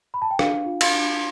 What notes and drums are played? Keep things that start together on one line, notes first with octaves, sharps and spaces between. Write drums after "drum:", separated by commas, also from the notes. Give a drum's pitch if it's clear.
B5
A5
G5
D4 F5, drum: rim click
F4
F5, drum: cymbal
D4